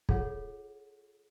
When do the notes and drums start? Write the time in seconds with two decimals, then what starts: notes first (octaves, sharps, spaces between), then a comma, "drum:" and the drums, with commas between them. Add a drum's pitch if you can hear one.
0.09 F4 G#4 A4 C#5 F#5, drum: kick